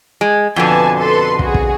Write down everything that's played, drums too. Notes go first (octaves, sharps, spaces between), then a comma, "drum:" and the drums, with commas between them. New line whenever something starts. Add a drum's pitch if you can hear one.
G#3
F2 B2 D3 B4 G#5 A5
A4 B4 C6
F#4 G#4, drum: kick
drum: kick